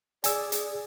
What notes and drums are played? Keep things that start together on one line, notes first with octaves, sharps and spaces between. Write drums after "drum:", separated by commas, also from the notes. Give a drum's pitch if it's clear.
G#4 D5 G#5 E6, drum: hi-hat
drum: hi-hat